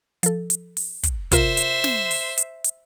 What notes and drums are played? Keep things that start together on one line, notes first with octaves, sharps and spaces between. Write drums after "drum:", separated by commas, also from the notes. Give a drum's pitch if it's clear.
F3 A4, drum: hi-hat
drum: hi-hat
drum: open hi-hat
drum: kick, hi-hat
C3 F4 A#4 C5 E5, drum: kick, hi-hat
drum: hi-hat
drum: snare
drum: open hi-hat
drum: hi-hat
drum: hi-hat